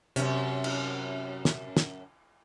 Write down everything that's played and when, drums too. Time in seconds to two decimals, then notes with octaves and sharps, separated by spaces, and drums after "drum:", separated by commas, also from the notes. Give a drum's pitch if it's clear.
0.16 F#2 C3 C#4, drum: hi-hat
0.64 drum: cymbal
1.45 drum: snare
1.77 drum: snare